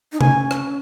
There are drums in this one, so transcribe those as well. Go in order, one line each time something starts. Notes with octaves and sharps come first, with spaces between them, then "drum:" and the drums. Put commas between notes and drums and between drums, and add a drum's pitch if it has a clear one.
D#4
C#4 G#5, drum: tom C3
drum: rim click